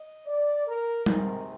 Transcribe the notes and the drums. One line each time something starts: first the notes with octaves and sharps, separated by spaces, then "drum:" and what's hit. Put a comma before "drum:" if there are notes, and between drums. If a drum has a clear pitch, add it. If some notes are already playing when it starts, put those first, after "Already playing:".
Already playing: D#5
D5
A#4
C3 D#3 G#3 C4 A#4, drum: tom G3